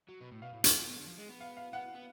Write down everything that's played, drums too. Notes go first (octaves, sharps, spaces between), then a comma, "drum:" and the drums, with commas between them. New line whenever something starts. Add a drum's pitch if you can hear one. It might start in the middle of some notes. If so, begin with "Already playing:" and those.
F#3
B2
A2
B2 F5
A2
B2, drum: hi-hat
F3
B2
D3
F3
G#3
B3
F5
F5
B3 F#5
B3